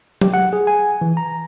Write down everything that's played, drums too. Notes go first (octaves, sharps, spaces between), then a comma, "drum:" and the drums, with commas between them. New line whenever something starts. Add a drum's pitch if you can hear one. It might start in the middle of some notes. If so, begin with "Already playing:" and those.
G4, drum: tom
F#5
G#4
G#5
E3
A#5